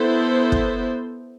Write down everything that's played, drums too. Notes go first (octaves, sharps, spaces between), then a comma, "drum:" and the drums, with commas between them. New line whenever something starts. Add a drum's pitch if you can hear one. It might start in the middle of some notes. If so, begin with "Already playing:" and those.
Already playing: B3 E4 A4 C5
drum: kick